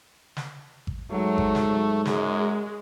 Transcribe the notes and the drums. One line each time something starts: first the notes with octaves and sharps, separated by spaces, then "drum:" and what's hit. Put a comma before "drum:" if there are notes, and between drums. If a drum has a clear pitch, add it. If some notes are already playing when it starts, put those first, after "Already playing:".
drum: snare
drum: kick G#1
G#2 F#3 A3
drum: kick G#1
drum: snare
F#2 G#3, drum: snare